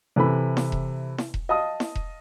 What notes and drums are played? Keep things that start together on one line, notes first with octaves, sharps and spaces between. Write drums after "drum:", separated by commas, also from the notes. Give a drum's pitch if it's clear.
C3 E3 A4 B5
drum: snare E4
drum: kick E1
drum: snare E4
drum: kick E1
D#5 F5 A5 D#6
drum: snare E4
drum: kick E1